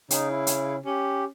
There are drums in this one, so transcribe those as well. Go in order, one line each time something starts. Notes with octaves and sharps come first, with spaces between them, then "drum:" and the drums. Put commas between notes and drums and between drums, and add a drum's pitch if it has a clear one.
C#3 D#4, drum: hi-hat
E4
drum: hi-hat
C#4 G4